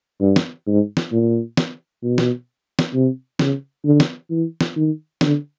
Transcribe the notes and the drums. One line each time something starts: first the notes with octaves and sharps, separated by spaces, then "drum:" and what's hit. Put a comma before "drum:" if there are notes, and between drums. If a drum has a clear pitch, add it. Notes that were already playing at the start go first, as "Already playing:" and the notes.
G2
drum: snare
G#2
drum: snare
A#2
drum: snare
B2
drum: snare
drum: snare
C3
C#3, drum: snare
D3
drum: snare
E3
drum: snare
D#3
D3, drum: snare